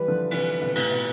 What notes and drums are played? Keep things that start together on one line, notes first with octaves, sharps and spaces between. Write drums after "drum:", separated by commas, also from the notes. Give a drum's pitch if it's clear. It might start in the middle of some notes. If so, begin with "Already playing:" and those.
Already playing: E3 G3 B4
D3 F3
C3 E3, drum: cymbal
B2 D3
A2 C3 B4, drum: cymbal
B2